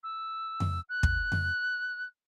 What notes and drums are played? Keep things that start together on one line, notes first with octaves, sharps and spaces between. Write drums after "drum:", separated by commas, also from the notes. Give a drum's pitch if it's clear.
E6
drum: tom F2
F#6
drum: kick
drum: tom F2